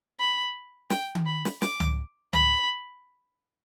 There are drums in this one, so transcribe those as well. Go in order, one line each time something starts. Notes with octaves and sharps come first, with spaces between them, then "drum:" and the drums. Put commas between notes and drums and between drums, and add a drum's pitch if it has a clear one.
B5
G5, drum: snare
drum: tom D#3
B5
drum: snare
D6, drum: snare
drum: tom C#2
B5, drum: tom C#2